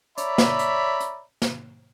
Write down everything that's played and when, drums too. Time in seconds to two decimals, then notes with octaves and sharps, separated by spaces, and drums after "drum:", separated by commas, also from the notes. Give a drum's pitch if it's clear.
0.18 C#5 D5 E5 A#5 B5, drum: hi-hat
0.38 drum: snare
0.59 drum: hi-hat
1.00 drum: hi-hat
1.42 drum: snare